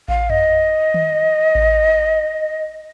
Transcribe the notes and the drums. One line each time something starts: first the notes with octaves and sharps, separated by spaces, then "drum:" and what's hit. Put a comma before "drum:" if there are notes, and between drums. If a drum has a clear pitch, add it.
F5, drum: kick A1
D#5, drum: tom F2
drum: tom D#3
drum: kick A1